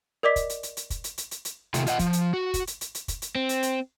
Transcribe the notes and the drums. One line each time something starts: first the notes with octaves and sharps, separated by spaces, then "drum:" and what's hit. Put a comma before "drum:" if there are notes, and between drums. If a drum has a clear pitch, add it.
A#4 D5 D#5 D6 B6
drum: kick, hi-hat
drum: hi-hat
drum: hi-hat
drum: hi-hat
drum: kick, hi-hat
drum: hi-hat
drum: hi-hat
drum: hi-hat
drum: hi-hat
C3 D#3 A3 F4, drum: hi-hat
F4 D#5 F#5, drum: hi-hat
F3, drum: kick, hi-hat
drum: hi-hat
F#4
drum: kick, hi-hat
drum: hi-hat
drum: hi-hat
drum: hi-hat
drum: kick, hi-hat
drum: hi-hat
C4
drum: hi-hat
drum: hi-hat